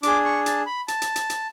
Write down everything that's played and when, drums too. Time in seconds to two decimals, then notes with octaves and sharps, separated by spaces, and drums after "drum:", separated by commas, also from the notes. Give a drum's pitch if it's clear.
0.03 D4 G#4 D6, drum: hi-hat
0.25 C#6
0.46 A5, drum: hi-hat
0.66 B5
0.88 A5, drum: hi-hat
1.02 drum: hi-hat
1.16 drum: hi-hat
1.30 drum: hi-hat